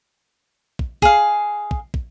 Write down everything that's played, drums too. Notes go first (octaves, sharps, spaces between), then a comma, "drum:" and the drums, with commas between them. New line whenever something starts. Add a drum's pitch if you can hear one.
drum: kick
G#4 F5, drum: kick
drum: kick
drum: kick